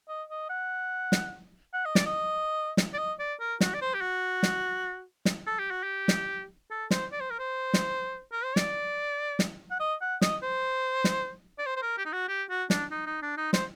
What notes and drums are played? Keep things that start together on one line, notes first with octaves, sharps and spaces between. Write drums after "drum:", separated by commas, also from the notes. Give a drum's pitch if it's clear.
D#5
D#5
F#5
drum: snare
F#5
D#5
D5, drum: snare
D#5
drum: snare
D5
D#5
D5
A#4
F#4, drum: snare
D5
C5
G4
F#4
drum: snare
drum: snare
A4
G4
F#4
G4
drum: snare
A4
C5, drum: snare
D5
C5
A#4
C5
drum: snare
A#4
C5
D5, drum: snare
drum: snare
F#5
D#5
F#5
D#5, drum: snare
C5
drum: snare
D5
C5
C5
A#4
G4
D#4
F#4
G4
F#4
D4, drum: snare
D#4
D#4
D4
D#4
C5, drum: snare